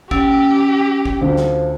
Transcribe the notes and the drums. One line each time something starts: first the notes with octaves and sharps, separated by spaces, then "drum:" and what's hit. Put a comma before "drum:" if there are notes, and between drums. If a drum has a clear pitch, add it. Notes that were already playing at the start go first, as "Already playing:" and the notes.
C#4 G4, drum: kick
drum: kick
D2 F3
drum: snare